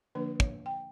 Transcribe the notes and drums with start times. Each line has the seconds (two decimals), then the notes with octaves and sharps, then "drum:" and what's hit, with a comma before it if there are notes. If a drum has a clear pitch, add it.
0.15 D3 F3 A#3 D4 B4
0.40 C#5, drum: kick
0.66 G5